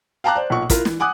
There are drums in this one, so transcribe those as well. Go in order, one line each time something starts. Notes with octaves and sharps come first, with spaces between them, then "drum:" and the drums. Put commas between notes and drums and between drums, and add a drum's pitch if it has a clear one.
F5 G5 A5 A#5 D6 F#6
C5 D5
B1 A#2 C#6
E4 F4 A#4, drum: kick, hi-hat
E3, drum: snare
F#5 G#5 D6 D#6 F#6